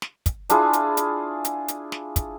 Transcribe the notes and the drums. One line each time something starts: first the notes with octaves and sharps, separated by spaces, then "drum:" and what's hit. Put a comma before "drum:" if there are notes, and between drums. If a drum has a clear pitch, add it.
drum: snare
drum: kick, hi-hat
D4 E4 F4 G#4, drum: hi-hat
drum: hi-hat
drum: hi-hat
drum: hi-hat
drum: hi-hat
drum: snare
drum: kick, hi-hat